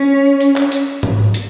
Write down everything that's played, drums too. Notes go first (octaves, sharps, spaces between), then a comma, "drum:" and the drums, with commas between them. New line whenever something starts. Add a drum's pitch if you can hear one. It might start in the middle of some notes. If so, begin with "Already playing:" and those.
Already playing: C#4
drum: hi-hat
drum: clap
drum: hi-hat
drum: tom G#2
drum: hi-hat